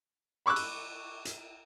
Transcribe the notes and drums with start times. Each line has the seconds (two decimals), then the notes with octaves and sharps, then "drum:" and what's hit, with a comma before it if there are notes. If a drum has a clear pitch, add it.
0.46 B5 C#6 D6 E6 F#6
0.56 drum: cymbal
1.25 drum: hi-hat